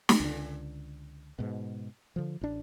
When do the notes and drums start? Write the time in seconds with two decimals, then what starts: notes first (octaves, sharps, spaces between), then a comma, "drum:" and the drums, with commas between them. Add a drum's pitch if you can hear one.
0.09 drum: snare
0.20 C#2 D3
1.39 G#2 B2
2.16 D3 F3
2.41 A1 D4